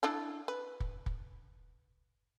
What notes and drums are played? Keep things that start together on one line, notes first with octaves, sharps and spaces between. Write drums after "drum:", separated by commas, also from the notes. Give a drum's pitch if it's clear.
D4 E4 A4
B4
drum: kick
drum: kick